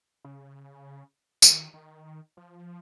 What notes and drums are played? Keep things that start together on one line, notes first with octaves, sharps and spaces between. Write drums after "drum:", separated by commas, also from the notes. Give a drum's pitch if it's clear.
C#3
D#3, drum: tambourine
D#3
F3